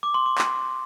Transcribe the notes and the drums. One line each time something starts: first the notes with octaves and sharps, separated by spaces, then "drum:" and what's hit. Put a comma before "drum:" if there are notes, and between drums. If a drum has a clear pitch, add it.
D6
C6
D6
drum: clap